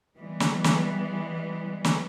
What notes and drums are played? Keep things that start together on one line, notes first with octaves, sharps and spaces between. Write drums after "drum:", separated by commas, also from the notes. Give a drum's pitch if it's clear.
E3 G3 G#3 B3
drum: snare
drum: snare
drum: snare